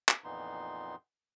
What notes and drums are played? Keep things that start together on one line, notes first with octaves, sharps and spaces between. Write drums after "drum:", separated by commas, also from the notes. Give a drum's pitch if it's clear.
drum: clap
F2 A#2 E3 B3 D#4 C6